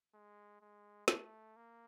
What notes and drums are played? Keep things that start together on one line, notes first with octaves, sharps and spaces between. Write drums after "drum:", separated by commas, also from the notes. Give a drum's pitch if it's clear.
G#3
G#3
A3, drum: snare
A#3